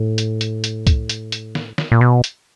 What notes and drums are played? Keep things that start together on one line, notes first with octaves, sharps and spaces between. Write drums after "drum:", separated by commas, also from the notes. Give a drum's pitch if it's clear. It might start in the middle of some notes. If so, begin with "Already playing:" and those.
Already playing: A2
drum: hi-hat
drum: hi-hat
drum: hi-hat
drum: kick C2, hi-hat
drum: hi-hat
drum: hi-hat
drum: snare
drum: snare
A#2
B2
drum: hi-hat